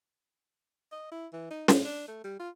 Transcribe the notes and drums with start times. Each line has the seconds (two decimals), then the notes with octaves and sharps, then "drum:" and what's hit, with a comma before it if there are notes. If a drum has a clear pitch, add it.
0.92 D#5
1.12 E4
1.33 E3
1.51 D#4
1.68 A2, drum: snare
1.85 D4
2.08 A3
2.24 G3
2.39 F4